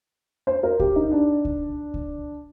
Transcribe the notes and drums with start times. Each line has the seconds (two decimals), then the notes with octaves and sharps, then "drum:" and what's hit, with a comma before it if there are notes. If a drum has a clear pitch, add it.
0.47 C5
0.63 A#4
0.80 G4, drum: kick C#2
0.96 D#4
1.12 D4
1.45 drum: kick C#2
1.94 drum: kick C#2